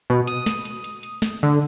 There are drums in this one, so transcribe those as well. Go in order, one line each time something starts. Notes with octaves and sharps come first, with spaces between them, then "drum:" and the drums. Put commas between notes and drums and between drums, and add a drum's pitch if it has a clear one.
B2
D#6, drum: hi-hat
drum: snare
drum: hi-hat
drum: hi-hat
drum: hi-hat
drum: snare
D3